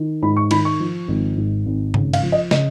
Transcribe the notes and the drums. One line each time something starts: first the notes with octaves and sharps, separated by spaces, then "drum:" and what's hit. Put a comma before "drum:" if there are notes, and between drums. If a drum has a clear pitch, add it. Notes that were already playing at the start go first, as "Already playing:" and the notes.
Already playing: D#3
G#2 B5
C#6
D#3 B5, drum: cymbal
C#6
F3
G#1
G#2
G#1
C#3, drum: tom G2
F5, drum: cymbal
F3
D#5
C#3 D#5, drum: snare